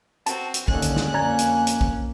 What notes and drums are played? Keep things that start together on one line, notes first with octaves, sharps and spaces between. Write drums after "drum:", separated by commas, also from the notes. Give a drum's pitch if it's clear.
C4 F#4 A5, drum: hi-hat
drum: hi-hat
D#2 D3 C#4 F#6, drum: kick A#1
drum: hi-hat
drum: snare
F2 A#3 D5 G#5 A#5 G#6
drum: hi-hat
drum: hi-hat
drum: kick A#1